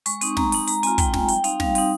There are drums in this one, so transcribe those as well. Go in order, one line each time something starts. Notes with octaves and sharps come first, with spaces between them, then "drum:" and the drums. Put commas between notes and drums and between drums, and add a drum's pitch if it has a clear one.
G#3 C#6, drum: hi-hat
C4 D#4, drum: hi-hat
G#3 A#5, drum: snare
C4 D#4, drum: open hi-hat
G#3 A#5, drum: hi-hat
C4 F4 G#5, drum: hi-hat
G#3 G5, drum: kick, hi-hat
C4 F4, drum: snare
G3 G5, drum: hi-hat
C4 D#4 F5, drum: hi-hat
G3 F5, drum: snare
C4 D#4, drum: open hi-hat